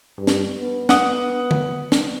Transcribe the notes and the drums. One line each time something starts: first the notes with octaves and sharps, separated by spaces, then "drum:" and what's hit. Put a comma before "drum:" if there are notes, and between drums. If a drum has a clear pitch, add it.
G2
drum: snare
B3
F#5 D#6, drum: snare
drum: tom
drum: snare